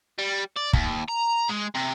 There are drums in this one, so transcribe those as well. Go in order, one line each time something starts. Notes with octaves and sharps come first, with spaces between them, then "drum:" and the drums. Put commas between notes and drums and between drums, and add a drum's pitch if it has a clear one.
G3
D5
D#2, drum: kick
A#5
G#3
C3